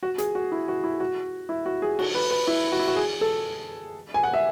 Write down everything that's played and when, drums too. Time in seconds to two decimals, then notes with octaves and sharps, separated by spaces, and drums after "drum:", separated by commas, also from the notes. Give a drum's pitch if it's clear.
0.03 F#4
0.18 G#4, drum: hi-hat
0.35 F#4
0.52 E4
0.68 F#4
0.84 E4
1.00 F#4
1.49 E4
1.66 F#4
1.82 G#4
1.99 F#4, drum: cymbal
2.15 B4
2.31 B4
2.48 E4
2.72 F#4
2.80 E4
2.88 F#4
2.96 G#4
3.21 A4
4.14 G#5
4.23 F#5
4.34 E5